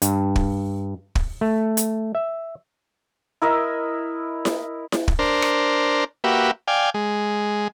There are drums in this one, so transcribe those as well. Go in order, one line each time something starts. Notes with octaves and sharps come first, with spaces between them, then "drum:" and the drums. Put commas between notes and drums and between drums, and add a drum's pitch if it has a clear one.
G2, drum: hi-hat
drum: kick
drum: kick
A3
drum: hi-hat
E5
E4 A#4 D#5 E5
drum: snare E4
drum: snare E4
drum: kick
D4 A#4 C5
drum: rim click
A#3 F#4 G4 B4 E5
D5 F5 G5 G#5
G#3